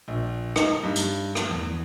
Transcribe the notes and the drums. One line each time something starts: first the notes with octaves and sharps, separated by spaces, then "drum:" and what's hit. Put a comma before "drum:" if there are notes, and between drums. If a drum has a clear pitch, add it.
A#1
D#4, drum: rim click
G2
drum: hi-hat
drum: rim click
E2